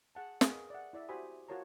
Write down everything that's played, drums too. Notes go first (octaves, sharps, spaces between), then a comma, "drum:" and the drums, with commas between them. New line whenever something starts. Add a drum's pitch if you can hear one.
G#4 F#5 A5
G#4 A#4 B4 F5 C#6, drum: snare
D5 E5 F#5
E4 D5 E5
F#4 G4 C5 G#5 B5 D#6
F4 F#4 A#4 C#5 A5 A#5